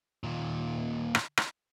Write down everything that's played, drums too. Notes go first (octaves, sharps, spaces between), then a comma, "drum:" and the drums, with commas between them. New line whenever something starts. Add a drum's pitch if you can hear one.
D#2 A#2
drum: rim click
drum: rim click